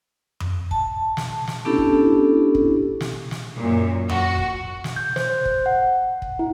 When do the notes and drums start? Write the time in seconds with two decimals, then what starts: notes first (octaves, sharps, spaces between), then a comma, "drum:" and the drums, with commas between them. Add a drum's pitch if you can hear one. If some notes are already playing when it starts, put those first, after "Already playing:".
0.40 drum: tom F2
0.71 A5, drum: kick
1.17 drum: snare
1.48 drum: snare
1.65 B3 C#4 D4 E4 G4 A4
1.78 drum: kick
2.55 drum: kick
3.01 drum: snare
3.31 drum: snare
3.57 F#2 A#2
4.10 F#4, drum: tom F2
4.38 drum: kick
4.84 drum: snare
4.96 G6
5.16 C5, drum: snare
5.45 drum: kick
5.66 F#5
6.22 drum: kick
6.39 E4